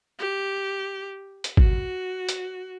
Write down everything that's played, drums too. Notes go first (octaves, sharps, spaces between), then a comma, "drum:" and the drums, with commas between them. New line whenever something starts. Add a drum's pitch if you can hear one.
G4
drum: hi-hat
F#4, drum: kick G#1
drum: hi-hat